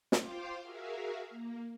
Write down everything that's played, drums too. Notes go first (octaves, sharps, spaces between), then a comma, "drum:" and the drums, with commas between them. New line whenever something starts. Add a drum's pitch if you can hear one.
F4 C5 F5 G5 C6 D6, drum: snare
F#4 G#4 A#4 E5 F5
A#3